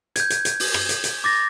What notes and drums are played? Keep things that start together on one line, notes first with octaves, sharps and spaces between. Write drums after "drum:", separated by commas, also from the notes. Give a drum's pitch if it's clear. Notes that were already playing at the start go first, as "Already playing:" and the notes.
G6 G#6, drum: hi-hat
drum: hi-hat
drum: hi-hat
drum: open hi-hat
drum: rim click
drum: hi-hat
drum: hi-hat
D6 A6 A#6